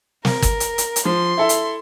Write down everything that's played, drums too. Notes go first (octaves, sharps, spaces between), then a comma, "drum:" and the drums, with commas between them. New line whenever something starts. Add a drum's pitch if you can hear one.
A#4, drum: snare
drum: kick G1, hi-hat
drum: hi-hat
drum: hi-hat
drum: hi-hat
F3 C6
E4 A4 E5
drum: hi-hat